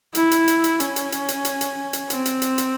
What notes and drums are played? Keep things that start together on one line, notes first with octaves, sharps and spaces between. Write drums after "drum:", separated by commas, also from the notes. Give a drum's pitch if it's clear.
E4, drum: hi-hat
drum: hi-hat
drum: hi-hat
drum: hi-hat
C#4, drum: hi-hat
drum: hi-hat
drum: hi-hat
drum: hi-hat
drum: hi-hat
drum: hi-hat
drum: hi-hat
C4, drum: hi-hat
drum: hi-hat
drum: hi-hat
drum: hi-hat